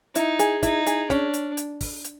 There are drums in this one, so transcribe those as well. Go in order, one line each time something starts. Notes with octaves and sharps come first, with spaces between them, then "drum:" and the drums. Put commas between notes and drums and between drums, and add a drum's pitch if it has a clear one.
D#4 E4, drum: hi-hat
G#4, drum: hi-hat
D#4 E4, drum: kick, hi-hat
G#4, drum: hi-hat
C#4 D4, drum: snare
drum: hi-hat
drum: hi-hat
drum: kick, open hi-hat
drum: hi-hat